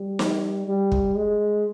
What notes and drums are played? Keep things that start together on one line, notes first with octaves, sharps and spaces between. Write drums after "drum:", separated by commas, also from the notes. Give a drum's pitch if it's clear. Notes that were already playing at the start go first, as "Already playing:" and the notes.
Already playing: G3
drum: snare
G3
drum: kick
G#3